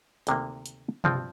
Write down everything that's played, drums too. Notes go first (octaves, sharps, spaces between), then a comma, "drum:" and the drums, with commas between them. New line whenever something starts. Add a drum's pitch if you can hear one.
D2 C3 D#3 A#3, drum: hi-hat
drum: hi-hat
G2 F3 C4 F4, drum: tom B2